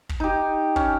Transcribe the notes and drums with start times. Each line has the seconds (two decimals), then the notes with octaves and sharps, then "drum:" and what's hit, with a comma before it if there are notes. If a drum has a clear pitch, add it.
0.09 drum: kick
0.20 D#4 G4
0.76 C#4, drum: kick